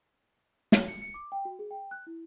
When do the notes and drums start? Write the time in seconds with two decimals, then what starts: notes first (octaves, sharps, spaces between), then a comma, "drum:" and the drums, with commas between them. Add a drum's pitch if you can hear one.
0.72 C#5, drum: snare
0.88 C#7
1.02 C#7
1.14 D6
1.32 G5
1.45 F#4
1.59 G#4
1.71 G5
1.91 F#6
2.07 E4